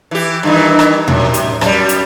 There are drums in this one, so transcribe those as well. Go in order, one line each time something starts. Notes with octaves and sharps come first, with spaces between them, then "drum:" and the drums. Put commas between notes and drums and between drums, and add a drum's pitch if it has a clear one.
E3 G4
G2 D#3 E3
drum: rim click
F#2 C3, drum: tom
drum: hi-hat
F#2 G3, drum: rim click
drum: hi-hat